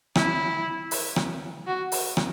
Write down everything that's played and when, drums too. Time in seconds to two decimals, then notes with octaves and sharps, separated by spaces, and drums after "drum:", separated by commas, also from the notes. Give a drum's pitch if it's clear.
0.15 E4, drum: rim click
0.91 drum: open hi-hat
1.16 drum: rim click
1.67 F#4
1.92 drum: open hi-hat
2.17 drum: rim click